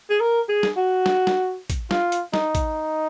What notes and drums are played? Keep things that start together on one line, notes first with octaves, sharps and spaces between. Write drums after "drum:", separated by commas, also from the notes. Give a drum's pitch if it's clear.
G#4
A#4
G#4
drum: snare
F#4
drum: snare
drum: snare
drum: kick, hi-hat
F4, drum: snare
drum: hi-hat
D#4, drum: snare
drum: kick, hi-hat